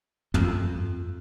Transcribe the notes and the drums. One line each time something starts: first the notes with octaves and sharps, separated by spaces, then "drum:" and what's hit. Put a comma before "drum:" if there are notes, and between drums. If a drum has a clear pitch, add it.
F2, drum: tom